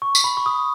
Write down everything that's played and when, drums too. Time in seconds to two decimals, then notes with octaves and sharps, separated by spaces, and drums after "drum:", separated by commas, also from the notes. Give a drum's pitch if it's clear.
0.02 C#6
0.15 drum: tambourine
0.24 B5
0.37 C#6
0.46 D#6